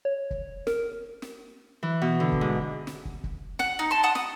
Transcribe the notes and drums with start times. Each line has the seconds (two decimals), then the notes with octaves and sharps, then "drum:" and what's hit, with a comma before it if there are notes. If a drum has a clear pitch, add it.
0.05 C#5
0.31 drum: kick
0.67 A#4, drum: snare
1.22 drum: snare
1.83 E3
2.02 B2
2.20 D3
2.32 drum: kick
2.41 G#2
2.87 drum: snare
3.05 drum: kick
3.24 drum: kick
3.59 F#5, drum: snare
3.79 D#4
3.91 A5 C6
4.03 F#5 A5 D#6
4.15 D#6, drum: snare